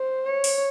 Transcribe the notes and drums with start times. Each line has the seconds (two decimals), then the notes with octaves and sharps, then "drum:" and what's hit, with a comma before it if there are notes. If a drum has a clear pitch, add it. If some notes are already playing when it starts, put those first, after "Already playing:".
Already playing: C5
0.26 C#5
0.44 drum: open hi-hat